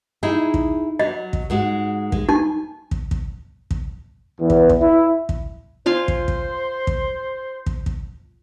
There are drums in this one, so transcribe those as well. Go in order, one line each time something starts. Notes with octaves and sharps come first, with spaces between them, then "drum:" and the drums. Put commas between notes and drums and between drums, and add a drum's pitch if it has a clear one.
D#4 E4 G#4
drum: kick
F#3 D#5
drum: kick
G#2 G#3 F#4
G#3, drum: kick
D#4 G#5
drum: kick
drum: kick
drum: kick
E2
drum: kick
drum: kick
E4
drum: kick
F4 C5 F5 G#5
drum: kick
drum: kick
drum: kick
drum: kick
drum: kick